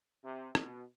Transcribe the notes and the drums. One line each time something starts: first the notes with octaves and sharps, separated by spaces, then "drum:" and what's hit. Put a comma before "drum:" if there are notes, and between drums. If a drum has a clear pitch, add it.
C3
B2, drum: rim click